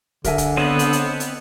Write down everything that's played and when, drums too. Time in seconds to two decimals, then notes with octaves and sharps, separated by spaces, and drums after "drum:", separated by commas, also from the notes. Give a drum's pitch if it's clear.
0.24 D3 A#4 E5 G#5, drum: kick, hi-hat
0.38 drum: kick, hi-hat
0.57 B3 C4 D4 C5 C#5 D#5
0.79 drum: hi-hat
0.93 drum: hi-hat
1.20 drum: hi-hat